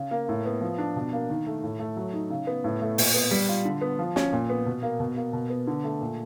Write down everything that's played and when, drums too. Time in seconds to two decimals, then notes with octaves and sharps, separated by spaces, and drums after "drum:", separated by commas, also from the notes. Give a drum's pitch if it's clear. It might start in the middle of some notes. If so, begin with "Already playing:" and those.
Already playing: C#3
0.11 A#3
0.29 A2
0.46 B3
0.61 F3
0.78 D4
0.96 B2
1.13 A#3
1.30 D#3
1.47 A3
1.63 A2
1.79 A3
1.96 F#3
2.13 D#4
2.30 C#3
2.47 B3
2.64 A2
2.81 A3
2.98 A#2, drum: open hi-hat
3.14 B3
3.31 G3
3.49 F4
3.65 D3
3.81 B3
3.99 F3
4.16 C#4, drum: snare
4.33 A#2
4.50 B3
4.66 B2
4.83 A#3
5.00 B2
5.17 A#3
5.33 B2
5.50 B3
5.67 D3
5.84 A3
6.01 A#2